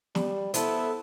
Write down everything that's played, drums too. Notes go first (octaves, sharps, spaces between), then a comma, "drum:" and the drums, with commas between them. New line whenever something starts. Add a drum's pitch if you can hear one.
G3, drum: snare
B3 E4 A4 C5, drum: hi-hat